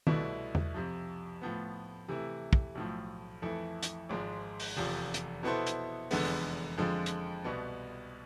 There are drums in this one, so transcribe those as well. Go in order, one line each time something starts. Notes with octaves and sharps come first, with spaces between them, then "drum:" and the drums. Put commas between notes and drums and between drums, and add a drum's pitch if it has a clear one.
C2 B2 A3 E4, drum: tom D#3
drum: tom
F2 C3 F3
A2 F3 B3
C3 E3 A3 E4
drum: kick
B1 A2 F3
F2 E3 A3 E4 A4
drum: hi-hat
G#1 G#2 F3 G#3
drum: open hi-hat
F1 E2 C3 F3
drum: hi-hat
B2 B3 E4 A4 C5
drum: hi-hat
F1 E2 D3 G#3 B3, drum: open hi-hat
F2 D3 F3 G#3
drum: hi-hat
C2 B2 B3